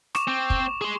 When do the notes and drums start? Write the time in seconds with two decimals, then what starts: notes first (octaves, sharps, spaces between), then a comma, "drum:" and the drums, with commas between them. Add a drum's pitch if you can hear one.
0.15 C#6 D6 E7, drum: rim click
0.28 C4
0.50 drum: kick
0.82 G#4 C6